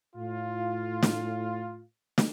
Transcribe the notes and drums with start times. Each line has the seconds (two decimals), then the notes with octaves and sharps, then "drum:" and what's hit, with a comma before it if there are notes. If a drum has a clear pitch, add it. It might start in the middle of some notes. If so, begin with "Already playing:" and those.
0.16 A2 F4
1.03 drum: snare
2.18 drum: snare